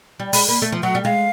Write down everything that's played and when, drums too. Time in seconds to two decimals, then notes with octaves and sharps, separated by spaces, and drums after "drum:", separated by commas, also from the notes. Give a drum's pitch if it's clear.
0.19 G3
0.33 G#3 B5, drum: open hi-hat
0.48 A#3 B5
0.62 A3
0.72 F3
0.83 F#3 F#5
0.95 G3
1.05 G#3 F5